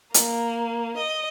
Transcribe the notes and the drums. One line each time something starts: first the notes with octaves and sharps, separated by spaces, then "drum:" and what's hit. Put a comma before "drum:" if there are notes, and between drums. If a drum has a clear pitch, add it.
A#3, drum: hi-hat
D#5